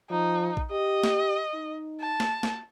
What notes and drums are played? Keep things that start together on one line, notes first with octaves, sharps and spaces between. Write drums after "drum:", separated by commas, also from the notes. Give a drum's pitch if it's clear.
F3 D#4
drum: kick A#1
G4 D#5
drum: snare
D#4
A5
drum: snare
drum: snare